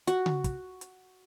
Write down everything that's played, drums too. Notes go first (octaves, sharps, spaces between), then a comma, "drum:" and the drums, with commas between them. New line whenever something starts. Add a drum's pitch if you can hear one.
F#4, drum: hi-hat
drum: tom C#3
drum: kick, hi-hat
drum: hi-hat